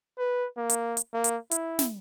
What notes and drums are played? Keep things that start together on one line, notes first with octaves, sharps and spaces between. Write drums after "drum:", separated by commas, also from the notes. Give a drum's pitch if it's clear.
B4
A#3
drum: hi-hat
drum: hi-hat
A#3
drum: hi-hat
E4, drum: hi-hat
drum: snare